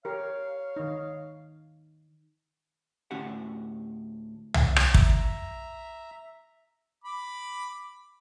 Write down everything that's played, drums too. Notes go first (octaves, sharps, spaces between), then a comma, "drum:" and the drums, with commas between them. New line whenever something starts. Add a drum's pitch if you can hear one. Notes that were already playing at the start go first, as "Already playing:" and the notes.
G4 A#4 C#5 F5
D#3 D#4
D2 A2 C#4 F#4 G4 F#5
drum: tom C2
drum: rim click
E5 A#5, drum: kick
B5 D6